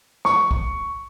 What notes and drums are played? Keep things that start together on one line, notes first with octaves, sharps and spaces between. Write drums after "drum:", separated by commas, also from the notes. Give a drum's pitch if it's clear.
C#6, drum: snare
drum: kick